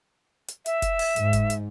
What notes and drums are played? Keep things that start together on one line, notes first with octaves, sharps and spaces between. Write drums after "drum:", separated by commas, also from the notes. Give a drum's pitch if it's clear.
drum: hi-hat
E5, drum: hi-hat
drum: kick, hi-hat
drum: open hi-hat
G#2, drum: hi-hat
drum: kick, hi-hat
drum: hi-hat